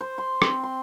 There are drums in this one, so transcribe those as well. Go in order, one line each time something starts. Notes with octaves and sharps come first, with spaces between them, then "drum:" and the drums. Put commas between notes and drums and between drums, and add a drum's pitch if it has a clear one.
C5
C6
C4, drum: rim click
C6